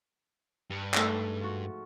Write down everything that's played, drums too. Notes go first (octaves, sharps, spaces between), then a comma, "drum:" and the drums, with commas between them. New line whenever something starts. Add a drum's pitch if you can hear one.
G2
G#2 A3 A4, drum: clap
F3 F#4